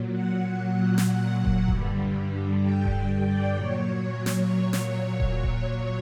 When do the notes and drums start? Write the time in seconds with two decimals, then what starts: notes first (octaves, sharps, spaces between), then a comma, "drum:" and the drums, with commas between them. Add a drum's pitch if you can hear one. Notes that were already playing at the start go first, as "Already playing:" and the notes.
Already playing: A#2 F#3
0.12 F#5
0.43 F#5
0.74 F#5
0.98 drum: snare
1.45 drum: kick D#1
1.68 G2 D3 G3, drum: kick D#1
2.62 G5
2.85 drum: kick D#1
3.24 D5
3.56 A#2 F#3 C#5
4.26 drum: snare
4.73 drum: snare
5.20 drum: kick D#1
5.43 drum: kick D#1